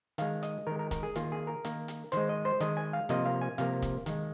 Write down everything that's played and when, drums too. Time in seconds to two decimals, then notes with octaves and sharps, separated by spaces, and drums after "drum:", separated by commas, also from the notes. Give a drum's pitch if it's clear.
0.18 D#3 G#3 F5, drum: hi-hat
0.43 D#5, drum: hi-hat
0.67 D#3 G#3 A#4
0.79 A#4
0.91 A#4, drum: kick, hi-hat
1.03 G#4
1.16 D#3 A#3 F4, drum: hi-hat
1.32 G#4
1.47 A#4
1.65 D#3 A#3, drum: hi-hat
1.88 drum: hi-hat
2.12 D#3 G#3 C5, drum: hi-hat
2.29 D#5
2.45 C5
2.60 D#3 G#3 D#5, drum: hi-hat
2.77 G#5
2.93 F5
3.09 C3 F3 A#3 D#5, drum: hi-hat
3.25 F5
3.41 G#5
3.58 C3 F3 A#3 F5, drum: hi-hat
3.82 drum: kick, hi-hat
4.06 D#3 G#3, drum: hi-hat